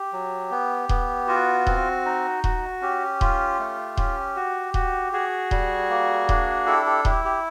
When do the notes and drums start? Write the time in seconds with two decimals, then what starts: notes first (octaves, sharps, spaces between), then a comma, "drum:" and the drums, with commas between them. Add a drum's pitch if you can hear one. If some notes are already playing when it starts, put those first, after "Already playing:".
Already playing: G4
0.13 F#3
0.51 B3
0.89 B3, drum: kick D#1
1.27 F4 F#4
1.67 C4, drum: kick D#1
2.06 D#4
2.44 F#4, drum: kick D#1
2.81 C#4 G4
3.21 F4, drum: kick D#1
3.59 A3
3.97 C#4, drum: kick D#1
4.36 F#4
4.74 F#4, drum: kick D#1
5.13 F#4 G#4
5.51 G3, drum: kick D#1
5.89 A#3
6.29 D4, drum: kick D#1
6.66 E4 G4 A4
6.86 G4 A4
7.05 E4 G4, drum: kick D#1
7.25 G4